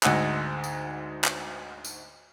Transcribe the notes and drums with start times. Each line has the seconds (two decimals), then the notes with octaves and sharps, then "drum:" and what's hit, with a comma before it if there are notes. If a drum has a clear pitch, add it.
0.03 D2 G#2 G#3 F#5 E6, drum: clap
0.64 drum: tambourine
1.24 drum: clap
1.85 drum: tambourine